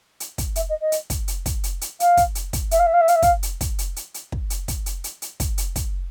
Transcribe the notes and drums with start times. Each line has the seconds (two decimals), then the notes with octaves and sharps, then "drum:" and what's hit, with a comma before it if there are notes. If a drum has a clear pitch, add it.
0.20 drum: hi-hat
0.38 drum: kick, hi-hat
0.56 E5, drum: hi-hat
0.68 D#5
0.80 D#5
0.92 drum: hi-hat
1.10 drum: kick, hi-hat
1.28 drum: hi-hat
1.46 drum: kick, hi-hat
1.64 drum: hi-hat
1.81 drum: hi-hat
2.00 F5, drum: hi-hat
2.17 drum: kick, hi-hat
2.35 drum: hi-hat
2.53 drum: kick, hi-hat
2.71 E5, drum: hi-hat
2.79 F5
2.85 E5
2.93 F5
3.00 E5
3.08 F5, drum: hi-hat
3.15 E5
3.22 F5, drum: kick, hi-hat
3.43 drum: hi-hat
3.61 drum: kick, hi-hat
3.79 drum: hi-hat
3.96 drum: hi-hat
4.14 drum: hi-hat
4.32 drum: kick
4.50 drum: hi-hat
4.68 drum: kick, hi-hat
4.86 drum: hi-hat
5.04 drum: hi-hat
5.22 drum: hi-hat
5.40 drum: kick, hi-hat
5.58 drum: hi-hat
5.76 drum: kick, hi-hat